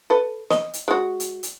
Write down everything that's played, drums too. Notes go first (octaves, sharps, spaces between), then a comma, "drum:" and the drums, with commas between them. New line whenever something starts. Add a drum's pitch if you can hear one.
A4 B4
D#5, drum: snare
drum: hi-hat
G#3 F#4
drum: hi-hat
drum: hi-hat